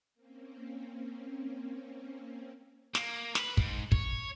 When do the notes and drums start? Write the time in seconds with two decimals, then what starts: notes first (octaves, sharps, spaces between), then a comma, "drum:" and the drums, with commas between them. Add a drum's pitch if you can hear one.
0.14 A#3 C4 C#4
2.95 A#3, drum: snare
3.35 B4, drum: snare
3.57 G#2, drum: kick
3.92 C#5, drum: kick